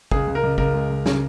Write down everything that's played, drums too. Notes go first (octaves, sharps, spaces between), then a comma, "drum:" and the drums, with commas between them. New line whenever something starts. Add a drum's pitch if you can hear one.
C#2 G#4, drum: kick
C#2
A#4
C#2
C#2 A#4, drum: kick
G#3
C#2
C#3, drum: snare